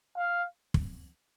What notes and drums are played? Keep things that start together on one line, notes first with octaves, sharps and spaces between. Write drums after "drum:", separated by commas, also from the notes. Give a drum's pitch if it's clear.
F5
drum: kick